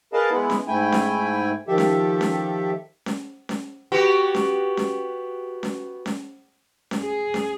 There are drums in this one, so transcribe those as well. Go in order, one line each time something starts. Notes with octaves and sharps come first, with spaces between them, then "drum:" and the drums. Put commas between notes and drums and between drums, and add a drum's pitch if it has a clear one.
G#4 A#4 B4 D#5 F5 A5
G#3 B3 E4
drum: snare C#4
G#2 A3 E4 G5 G#5
drum: snare C#4
D#3 F3 G4 A4 E5
drum: snare C#4
drum: snare C#4
drum: snare C#4
drum: snare C#4
B3 F#4 G4
drum: snare C#4
drum: snare C#4
drum: snare C#4
drum: snare C#4
drum: snare C#4
G#4
drum: snare C#4